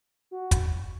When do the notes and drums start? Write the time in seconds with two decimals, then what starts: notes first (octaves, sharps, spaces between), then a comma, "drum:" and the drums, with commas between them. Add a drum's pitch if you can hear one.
0.31 F#4
0.51 drum: kick, hi-hat